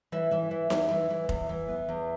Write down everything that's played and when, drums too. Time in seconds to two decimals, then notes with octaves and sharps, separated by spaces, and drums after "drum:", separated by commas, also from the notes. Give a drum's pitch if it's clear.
0.12 E3 E5
0.31 E3 E5
0.51 E3
0.70 E2, drum: snare D#4
0.91 E3
1.10 E3
1.29 E2, drum: kick F1
1.49 E3
1.68 B3
1.89 E2